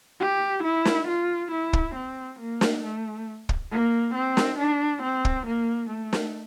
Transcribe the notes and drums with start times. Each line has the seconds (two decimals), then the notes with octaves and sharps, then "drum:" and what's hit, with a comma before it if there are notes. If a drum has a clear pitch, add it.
0.20 G4
0.64 E4
0.85 drum: snare
1.08 F4
1.51 E4
1.73 drum: kick
1.95 C4
2.39 A#3
2.61 drum: snare
2.83 A3
3.49 drum: kick
3.71 A#3
4.14 C4
4.37 drum: snare
4.59 D4
5.03 C4
5.25 drum: kick
5.46 A#3
5.90 A3
6.13 drum: snare